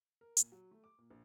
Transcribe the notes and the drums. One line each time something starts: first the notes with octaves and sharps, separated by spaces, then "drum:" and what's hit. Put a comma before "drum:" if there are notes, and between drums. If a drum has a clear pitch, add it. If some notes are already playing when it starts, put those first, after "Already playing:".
A#4
A#2, drum: hi-hat
F#3
A3
D6
A#2
A#1